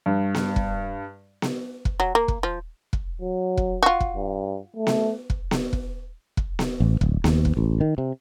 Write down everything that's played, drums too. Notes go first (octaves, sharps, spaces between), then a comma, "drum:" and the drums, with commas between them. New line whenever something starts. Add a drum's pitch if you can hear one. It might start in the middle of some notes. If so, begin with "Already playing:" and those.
G2
drum: snare B3
drum: kick
drum: snare B3
drum: kick
F#3
A#3
drum: kick
F3
drum: kick
F#3
drum: kick
F4 F#4
drum: kick
G2
A3
drum: snare B3
drum: kick
drum: snare B3
drum: kick
drum: kick
drum: snare B3
A1
D1, drum: kick
D#2, drum: snare B3
drum: kick
A1
D#3
C3